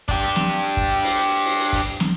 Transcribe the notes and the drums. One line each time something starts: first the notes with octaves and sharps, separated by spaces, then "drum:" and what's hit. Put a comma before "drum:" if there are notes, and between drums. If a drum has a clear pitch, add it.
D4 G4, drum: kick, hi-hat
drum: hi-hat
drum: snare
drum: hi-hat
drum: hi-hat
drum: kick, hi-hat
drum: hi-hat
drum: open hi-hat
drum: hi-hat
drum: hi-hat
drum: open hi-hat
drum: open hi-hat
drum: kick, hi-hat
drum: hi-hat
drum: snare